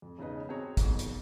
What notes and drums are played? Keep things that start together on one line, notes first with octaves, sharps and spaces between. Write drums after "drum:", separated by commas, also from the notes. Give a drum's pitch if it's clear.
F2
E1 C#3 D#4 B4 D#5
C4 F#4 G#4 C#5 A#5
F2 G#2 B2 D#3 F3, drum: kick, hi-hat
drum: hi-hat